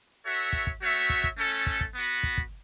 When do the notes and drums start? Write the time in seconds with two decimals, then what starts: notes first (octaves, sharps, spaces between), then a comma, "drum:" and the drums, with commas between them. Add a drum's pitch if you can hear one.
0.25 F#4 A4 C#5 E5
0.53 drum: kick
0.67 drum: kick
0.81 A3 F#4 C#5 E5
1.10 drum: kick
1.24 drum: kick
1.37 A3 C#4 A4
1.66 drum: kick
1.81 drum: kick
1.95 B3 F#4 B4
2.23 drum: kick
2.38 drum: kick